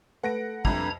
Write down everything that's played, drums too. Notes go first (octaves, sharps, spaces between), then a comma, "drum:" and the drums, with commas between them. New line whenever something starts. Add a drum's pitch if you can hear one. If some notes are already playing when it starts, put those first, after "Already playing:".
A3 A4 B4 F#5 A#6 D7
C2 F2 D4 A#5 G#6, drum: kick